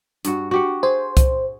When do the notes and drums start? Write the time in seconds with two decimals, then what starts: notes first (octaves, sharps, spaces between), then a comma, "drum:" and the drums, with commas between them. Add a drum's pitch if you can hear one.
0.25 G2 F#4, drum: hi-hat
0.51 F#4 G4 F#5
0.83 G#4 C5
1.17 drum: kick C2, hi-hat